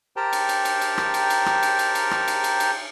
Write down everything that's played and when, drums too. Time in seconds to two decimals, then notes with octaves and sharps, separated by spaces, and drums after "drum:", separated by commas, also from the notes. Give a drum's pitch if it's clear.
0.16 G4 A#4 C5 G5 A5 A#5
0.33 drum: cymbal
0.49 drum: cymbal
0.65 drum: cymbal
0.81 drum: cymbal
0.98 drum: rim click
1.14 drum: cymbal
1.30 drum: cymbal
1.46 drum: rim click
1.63 drum: cymbal
1.79 drum: cymbal
1.95 drum: cymbal
2.11 drum: rim click
2.28 drum: cymbal
2.44 drum: cymbal
2.60 drum: cymbal